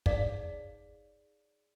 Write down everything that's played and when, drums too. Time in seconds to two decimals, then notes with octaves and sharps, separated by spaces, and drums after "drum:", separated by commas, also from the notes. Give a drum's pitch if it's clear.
0.06 D#4 G#4 C#5 D5 F5, drum: kick